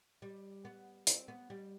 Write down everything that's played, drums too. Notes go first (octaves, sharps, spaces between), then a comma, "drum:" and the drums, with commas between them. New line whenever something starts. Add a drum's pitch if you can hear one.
G3
B3
C4, drum: hi-hat
B3
G3